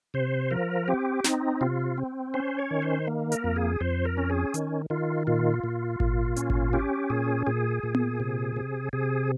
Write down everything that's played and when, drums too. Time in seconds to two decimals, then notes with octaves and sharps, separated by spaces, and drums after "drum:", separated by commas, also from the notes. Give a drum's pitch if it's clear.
0.14 C3 C5
0.51 F3 A#4
0.88 C4 G4
1.24 C4 D#4, drum: snare
1.61 C3 F4
1.98 C4
2.34 C#4 C5
2.59 C#5
2.71 D#3
2.82 C5
3.07 A#3
3.32 A#4, drum: hi-hat
3.44 F2
3.56 G#4
3.81 F2 C5
4.05 A#4
4.17 C#4
4.30 G#4
4.54 D#3, drum: hi-hat
4.90 D#3 F4
5.27 A#2 F4
5.64 A#2
6.00 A#2, drum: kick G#1
6.36 C#4, drum: hi-hat
6.50 drum: kick G#1
6.73 C#4 G4
7.10 A#2 G#4
7.47 A#2 G#4
7.83 A#2
7.95 drum: tom B3
8.20 C3
8.56 C3
8.93 C3 G#4